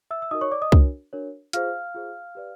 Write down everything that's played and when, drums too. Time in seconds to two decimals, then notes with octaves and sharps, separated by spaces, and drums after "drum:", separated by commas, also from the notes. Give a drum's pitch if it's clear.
0.11 E5 E6
0.22 E6
0.31 D#4 F#4 A#4 D#5 D#6
0.41 C#5 C#6
0.51 D5 D6
0.62 D#5 D#6
0.72 D4 F#4 A#4 C#5, drum: kick C2
1.13 D4 F#4 A#4 C#5
1.53 F4 G#4 C5 F5 F6, drum: hi-hat
1.95 F4 G#4 C5
2.35 G4 B4 D5